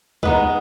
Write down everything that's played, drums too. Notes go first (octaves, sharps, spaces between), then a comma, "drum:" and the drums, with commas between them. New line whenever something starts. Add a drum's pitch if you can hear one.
G#3 B3 D#4 B4, drum: kick